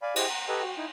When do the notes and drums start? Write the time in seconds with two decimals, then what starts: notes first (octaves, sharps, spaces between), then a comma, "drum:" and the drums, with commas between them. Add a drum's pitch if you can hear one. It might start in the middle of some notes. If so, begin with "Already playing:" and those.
0.02 D5 F5 G#5 B5
0.16 E4 G4 G#4 C5 D#5 F#5, drum: cymbal
0.29 F#5 A#5
0.48 G4 A4 B4 D#5 G#5 A#5
0.62 F#4
0.78 D#4 E4